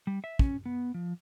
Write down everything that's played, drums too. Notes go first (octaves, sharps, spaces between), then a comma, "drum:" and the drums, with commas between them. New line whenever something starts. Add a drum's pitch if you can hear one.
G3
E5
C#4, drum: kick
B3
F3